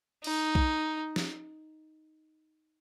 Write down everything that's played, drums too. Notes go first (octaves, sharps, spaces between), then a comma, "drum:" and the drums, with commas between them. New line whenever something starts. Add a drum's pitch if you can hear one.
D#4, drum: cymbal
drum: kick B1
drum: snare